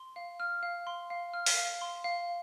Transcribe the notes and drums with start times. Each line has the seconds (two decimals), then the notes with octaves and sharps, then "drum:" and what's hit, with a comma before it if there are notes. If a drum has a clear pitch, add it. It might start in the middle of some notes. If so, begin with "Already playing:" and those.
Already playing: C6
0.16 F5
0.40 F6
0.63 F5
0.87 C6
1.10 F5
1.34 F6
1.46 drum: open hi-hat
1.57 F5
1.81 C6
2.04 F5